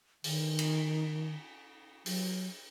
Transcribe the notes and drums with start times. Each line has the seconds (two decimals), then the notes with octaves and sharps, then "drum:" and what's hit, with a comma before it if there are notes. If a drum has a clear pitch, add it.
0.24 D#3, drum: open hi-hat
0.59 drum: cymbal
2.06 F#3, drum: open hi-hat